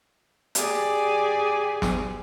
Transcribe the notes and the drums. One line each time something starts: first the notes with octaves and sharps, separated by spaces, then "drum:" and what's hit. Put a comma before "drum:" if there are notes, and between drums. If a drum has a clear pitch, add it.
G4 G#4 D5 G#5, drum: hi-hat
drum: snare